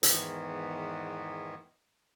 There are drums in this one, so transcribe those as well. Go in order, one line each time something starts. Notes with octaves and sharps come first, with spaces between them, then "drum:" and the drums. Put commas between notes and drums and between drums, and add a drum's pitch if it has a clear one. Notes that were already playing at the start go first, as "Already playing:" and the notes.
E2 G#2 D#3 E3 B3, drum: hi-hat